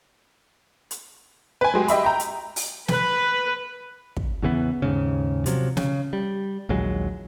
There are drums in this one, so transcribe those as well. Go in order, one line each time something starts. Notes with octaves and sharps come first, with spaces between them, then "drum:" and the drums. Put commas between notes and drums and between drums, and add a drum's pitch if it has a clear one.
drum: hi-hat
B4 G#5
F#3 G#3 G4
G4 D#5 E5 B5, drum: hi-hat
G5 A#5
drum: hi-hat
drum: open hi-hat
B4, drum: snare
drum: kick
E2 C#3 E3 B3
D#2 G#2 C#3
C3 F3 F#3, drum: hi-hat
C#3, drum: snare
G3
A#1 D#2 F#3 G#3